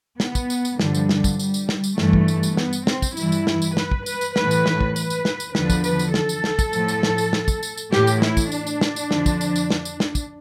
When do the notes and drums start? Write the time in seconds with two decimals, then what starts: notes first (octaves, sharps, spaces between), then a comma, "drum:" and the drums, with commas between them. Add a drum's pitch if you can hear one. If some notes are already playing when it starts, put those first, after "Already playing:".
0.20 B3, drum: snare
0.35 drum: kick, tambourine
0.50 drum: tambourine
0.65 drum: tambourine
0.80 G2 D3 F3 G3, drum: snare
0.95 drum: tambourine
1.09 drum: snare
1.24 drum: kick, tambourine
1.39 G3, drum: tambourine
1.54 drum: tambourine
1.69 drum: snare
1.84 drum: tambourine
1.98 G2 E3 A3, drum: snare
2.13 drum: kick
2.28 drum: tambourine
2.43 drum: tambourine
2.57 B3, drum: snare
2.73 drum: tambourine
2.87 C4, drum: snare
3.02 drum: kick, tambourine
3.17 G2 E3 E4, drum: tambourine
3.32 drum: tambourine
3.47 drum: snare
3.62 drum: tambourine
3.77 B4, drum: snare
3.91 drum: kick
4.06 B4, drum: tambourine
4.21 drum: tambourine
4.36 A2 E3 B4, drum: snare
4.51 drum: tambourine
4.66 drum: snare
4.81 drum: kick
4.96 B4, drum: tambourine
5.10 drum: tambourine
5.25 drum: snare
5.40 drum: tambourine
5.55 E2 D3 F3 B4, drum: snare
5.70 drum: kick, tambourine
5.84 B4, drum: tambourine
5.99 drum: tambourine
6.14 A4, drum: snare
6.29 drum: tambourine
6.44 drum: snare
6.59 drum: kick, tambourine
6.73 A2 F3, drum: tambourine
6.88 drum: tambourine
7.03 drum: snare
7.18 drum: tambourine
7.33 drum: snare
7.48 drum: kick, tambourine
7.63 drum: tambourine
7.77 drum: tambourine
7.93 A2 E3 G4, drum: snare
8.07 drum: tambourine
8.22 E4, drum: snare
8.37 drum: kick, tambourine
8.52 D4, drum: tambourine
8.67 drum: tambourine
8.81 drum: snare
8.96 drum: tambourine
9.11 F2 D3 F3, drum: snare
9.26 drum: kick, tambourine
9.41 drum: tambourine
9.56 drum: tambourine
9.70 drum: snare
9.85 drum: tambourine
10.00 drum: snare
10.15 drum: kick, tambourine